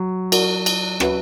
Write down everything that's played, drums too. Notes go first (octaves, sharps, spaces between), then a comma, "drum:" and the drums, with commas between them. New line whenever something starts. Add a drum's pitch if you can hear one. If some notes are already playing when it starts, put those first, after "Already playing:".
Already playing: F#3
F#4 A#4 D5, drum: cymbal
drum: cymbal
C#4 F#4 B4 E5, drum: rim click